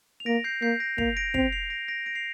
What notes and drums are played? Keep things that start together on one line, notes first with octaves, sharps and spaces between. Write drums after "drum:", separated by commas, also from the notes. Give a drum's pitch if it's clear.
F7
A#3 A#6 D7
G6 C7
A#3 G6 C7
A#6 D7
A#3 C7 F7, drum: kick
A#6 D7
C4 C7 F7, drum: kick
C7 F7
A#6 D7
A#6 D7
A#6 D7
C7 F7